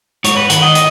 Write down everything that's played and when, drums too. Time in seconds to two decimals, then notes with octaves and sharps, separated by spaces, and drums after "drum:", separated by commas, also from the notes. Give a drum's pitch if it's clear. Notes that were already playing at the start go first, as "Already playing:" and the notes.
0.24 G#2 C#5, drum: hi-hat
0.37 B4
0.50 D#3 F#5, drum: hi-hat
0.62 D#5
0.75 D#5, drum: hi-hat